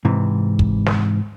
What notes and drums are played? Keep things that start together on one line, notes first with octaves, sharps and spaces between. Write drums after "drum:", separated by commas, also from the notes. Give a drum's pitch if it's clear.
G#2 C3 E3
drum: kick
drum: snare